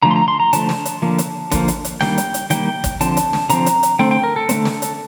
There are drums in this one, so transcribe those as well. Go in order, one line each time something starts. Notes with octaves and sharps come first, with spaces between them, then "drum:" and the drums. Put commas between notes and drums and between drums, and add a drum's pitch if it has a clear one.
D3 F3 A3 A#5
C6
A#5
C6
A#5
D3 F3 A3 A5, drum: hi-hat
drum: snare
drum: hi-hat
D3 F3 A#3
drum: hi-hat
D3 F3 A#3, drum: kick, hi-hat
drum: hi-hat
drum: hi-hat
D#3 G3 A#3 G5, drum: snare
drum: hi-hat
drum: hi-hat
D#3 G3 A#3 G5, drum: hi-hat
drum: kick, hi-hat
D3 F3 C4 A5, drum: hi-hat
drum: hi-hat
drum: snare
D3 F3 C4 A#5, drum: hi-hat
drum: hi-hat
drum: hi-hat
D3 A3 C4 G5
G5
A#4
A4
D3 A3 C4, drum: hi-hat
drum: snare
drum: hi-hat